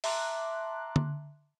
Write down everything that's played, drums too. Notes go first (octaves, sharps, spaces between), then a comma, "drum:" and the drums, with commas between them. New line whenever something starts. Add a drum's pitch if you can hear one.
E5 A5 A#5 C6 D6 F#6, drum: open hi-hat
drum: tom D3